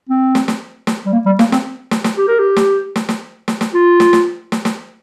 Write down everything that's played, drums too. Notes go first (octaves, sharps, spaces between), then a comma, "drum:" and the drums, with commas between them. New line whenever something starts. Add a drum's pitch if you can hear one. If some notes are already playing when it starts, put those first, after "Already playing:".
C4
drum: snare
drum: snare
drum: snare
G3
A#3
G3
A#3, drum: snare
C4, drum: snare
drum: snare
drum: snare
G4
A#4
G4
drum: snare
drum: snare
drum: snare
drum: snare
drum: snare
F4
drum: snare
drum: snare
drum: snare
drum: snare